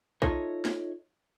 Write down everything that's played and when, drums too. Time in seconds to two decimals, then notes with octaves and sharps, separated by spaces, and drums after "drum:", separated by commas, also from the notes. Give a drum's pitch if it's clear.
0.22 D#4 F4 A4 C#5 D#5 E5, drum: kick B1
0.65 drum: snare